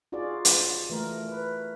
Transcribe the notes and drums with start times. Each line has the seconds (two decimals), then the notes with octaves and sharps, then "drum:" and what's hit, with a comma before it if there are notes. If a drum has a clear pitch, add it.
0.12 D#4 F4 F#4 G#4 D5
0.45 drum: hi-hat
0.90 E3 A3 A#4
1.29 B4